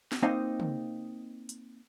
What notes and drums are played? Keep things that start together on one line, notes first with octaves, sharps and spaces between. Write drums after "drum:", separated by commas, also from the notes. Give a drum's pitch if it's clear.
drum: snare B3
A#3 C4 D#4 C5 D#5 F5
drum: tom
drum: hi-hat